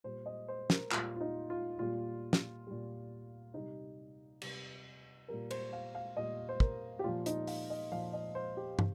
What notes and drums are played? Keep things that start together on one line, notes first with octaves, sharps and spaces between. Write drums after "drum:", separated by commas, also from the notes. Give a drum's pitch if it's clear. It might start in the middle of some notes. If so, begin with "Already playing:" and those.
A#2 G3 C5
D#5
C5
A#4, drum: snare
A#2 G3 F4, drum: clap
F4
D#4
F4
A#2 G3 F4
drum: snare
A#2 G3
C3 G3 D#4
C3 G3, drum: cymbal
A#2 G3 A#4
C5, drum: cymbal
F5
F5
A#2 G3 D#5
C5
A#4, drum: kick
G4
A#2 F3 F4
D#4, drum: hi-hat
F5, drum: open hi-hat
D#5
A#2 F3 F5
D#5
C5
G4
C3, drum: tom